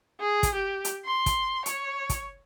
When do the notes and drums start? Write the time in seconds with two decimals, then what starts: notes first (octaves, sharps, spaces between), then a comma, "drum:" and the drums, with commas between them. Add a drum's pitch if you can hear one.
0.20 G#4
0.43 drum: kick, hi-hat
0.55 G4
0.85 drum: hi-hat
1.05 C6
1.26 drum: kick, hi-hat
1.66 C#5, drum: hi-hat
2.09 drum: kick, hi-hat